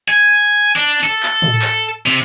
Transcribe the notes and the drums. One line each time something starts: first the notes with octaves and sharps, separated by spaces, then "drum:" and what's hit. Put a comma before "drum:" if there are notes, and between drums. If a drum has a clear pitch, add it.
G#5
drum: hi-hat
D4
A4
drum: clap
drum: tom
drum: clap
C3